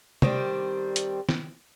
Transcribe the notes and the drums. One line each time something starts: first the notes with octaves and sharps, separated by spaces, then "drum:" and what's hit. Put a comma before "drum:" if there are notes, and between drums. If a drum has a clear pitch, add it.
D#3 G3 C4 D4, drum: tom C3
drum: hi-hat
drum: snare